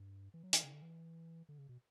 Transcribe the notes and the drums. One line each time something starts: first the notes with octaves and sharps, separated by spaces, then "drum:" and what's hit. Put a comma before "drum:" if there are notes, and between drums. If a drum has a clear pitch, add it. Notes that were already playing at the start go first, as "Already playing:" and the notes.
Already playing: G2
E3
F#3
E3, drum: hi-hat
C#3
D3
E3
D3
C#3
B2